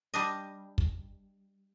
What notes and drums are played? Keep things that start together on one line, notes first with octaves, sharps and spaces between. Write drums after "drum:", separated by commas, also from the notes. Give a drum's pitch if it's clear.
G3 D4 D#5
drum: kick